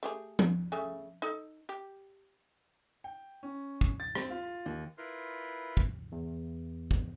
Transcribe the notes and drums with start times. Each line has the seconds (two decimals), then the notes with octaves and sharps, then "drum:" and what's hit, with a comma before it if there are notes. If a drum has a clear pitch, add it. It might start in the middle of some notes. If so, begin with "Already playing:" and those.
0.03 A3 G4 G#4
0.39 drum: tom F3
0.72 C#3 A3 G#5
1.22 D#4 A4
1.69 G4
3.04 G5
3.43 C#4
3.81 drum: kick
4.00 A6
4.15 C4, drum: rim click
4.30 F4
4.66 D#2
4.98 E4 F4 A#4 B4 C6
5.77 drum: kick
6.12 E2
6.91 drum: kick